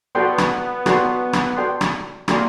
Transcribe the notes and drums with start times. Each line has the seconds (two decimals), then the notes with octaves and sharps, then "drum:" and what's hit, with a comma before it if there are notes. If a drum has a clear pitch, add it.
0.15 B3 F#4 A4 D5 G5 C6
0.38 drum: rim click
0.86 F#4 A4 D5 G5 C6, drum: rim click
1.33 drum: rim click
1.57 F#4 A4 D5 G5 C6
1.81 drum: rim click
2.28 A#3 F#4 A4 D5 G5 C6, drum: rim click